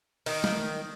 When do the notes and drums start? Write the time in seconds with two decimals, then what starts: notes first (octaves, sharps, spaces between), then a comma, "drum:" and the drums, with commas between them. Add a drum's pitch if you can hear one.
0.26 D#3, drum: open hi-hat
0.44 drum: snare